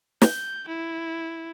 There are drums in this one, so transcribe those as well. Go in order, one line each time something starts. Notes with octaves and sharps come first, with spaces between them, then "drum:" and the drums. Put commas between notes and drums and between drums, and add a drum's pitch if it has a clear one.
G6, drum: snare
E4